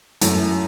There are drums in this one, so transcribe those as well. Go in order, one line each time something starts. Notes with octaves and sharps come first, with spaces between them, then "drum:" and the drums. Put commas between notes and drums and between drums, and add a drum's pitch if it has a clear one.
F#2 E3 A3, drum: hi-hat